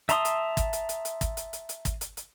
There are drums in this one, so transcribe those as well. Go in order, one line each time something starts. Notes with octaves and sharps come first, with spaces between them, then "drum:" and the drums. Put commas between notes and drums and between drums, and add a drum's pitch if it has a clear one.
E5 A5 A#5 C6 D#6, drum: hi-hat
drum: hi-hat
drum: kick, hi-hat
drum: hi-hat
drum: hi-hat
drum: hi-hat
drum: kick, hi-hat
drum: hi-hat
drum: hi-hat
drum: hi-hat
drum: kick, hi-hat
drum: hi-hat
drum: hi-hat